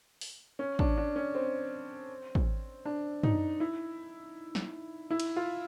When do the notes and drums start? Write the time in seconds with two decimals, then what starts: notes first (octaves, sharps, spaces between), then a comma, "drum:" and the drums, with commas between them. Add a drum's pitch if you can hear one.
0.21 drum: open hi-hat
0.59 C#4
0.79 D4, drum: kick
0.97 D4
1.16 C#4
1.35 C4
2.35 drum: kick
2.85 D4
3.23 D#4, drum: tom
3.60 E4
4.55 drum: snare
5.10 E4
5.20 drum: cymbal
5.36 F4